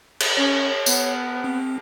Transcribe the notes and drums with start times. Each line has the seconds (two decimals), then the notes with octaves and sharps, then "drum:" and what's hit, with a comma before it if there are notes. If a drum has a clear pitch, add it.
0.20 drum: cymbal
0.37 C#4 C#5
0.86 B3, drum: tambourine
1.44 C4